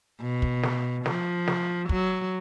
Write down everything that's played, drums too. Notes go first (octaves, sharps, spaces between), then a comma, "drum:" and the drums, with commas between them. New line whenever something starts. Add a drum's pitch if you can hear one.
B2
drum: kick
drum: snare
F3, drum: snare
drum: snare
F#3, drum: kick